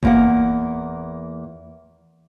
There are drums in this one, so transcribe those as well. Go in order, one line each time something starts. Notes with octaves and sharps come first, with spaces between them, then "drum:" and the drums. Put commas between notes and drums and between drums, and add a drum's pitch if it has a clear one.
E2 A#3 F#5, drum: kick F#1